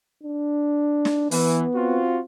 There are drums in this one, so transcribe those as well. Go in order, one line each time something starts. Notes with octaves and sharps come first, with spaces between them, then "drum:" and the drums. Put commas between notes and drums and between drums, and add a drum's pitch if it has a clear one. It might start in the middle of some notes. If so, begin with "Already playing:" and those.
D4
drum: snare
E3 B3, drum: open hi-hat
C4 F4 F#4